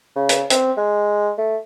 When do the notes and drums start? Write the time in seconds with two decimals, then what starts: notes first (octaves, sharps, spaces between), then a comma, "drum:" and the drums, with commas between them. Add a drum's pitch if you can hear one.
0.16 C#3
0.29 drum: hi-hat
0.50 C4, drum: hi-hat
0.77 G#3
1.38 A3